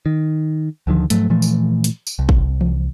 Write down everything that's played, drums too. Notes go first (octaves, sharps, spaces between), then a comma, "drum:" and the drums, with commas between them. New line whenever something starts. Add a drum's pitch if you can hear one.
D#3
D2 D3 D#3 F3
G#2 F3 F#3 A3, drum: hi-hat
A#2 E3 F3 A3
drum: tambourine
drum: hi-hat
drum: tambourine
C2
drum: kick
drum: tom E3